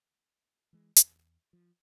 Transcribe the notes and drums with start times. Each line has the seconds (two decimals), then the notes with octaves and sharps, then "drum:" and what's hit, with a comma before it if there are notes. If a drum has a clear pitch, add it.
0.73 E3 G#3
0.96 E2, drum: hi-hat
1.53 F3